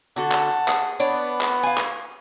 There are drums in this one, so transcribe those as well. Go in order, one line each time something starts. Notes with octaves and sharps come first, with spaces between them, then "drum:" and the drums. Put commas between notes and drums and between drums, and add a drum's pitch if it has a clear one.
D3 F#4 A4 F#5 A5
drum: clap
G#4, drum: clap
B3 D4 C#5 D5
drum: clap
F5 G#5
drum: clap